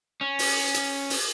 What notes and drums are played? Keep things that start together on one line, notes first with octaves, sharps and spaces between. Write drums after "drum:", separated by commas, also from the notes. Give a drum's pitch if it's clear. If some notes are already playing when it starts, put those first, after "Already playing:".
C#4
drum: open hi-hat
drum: hi-hat
drum: open hi-hat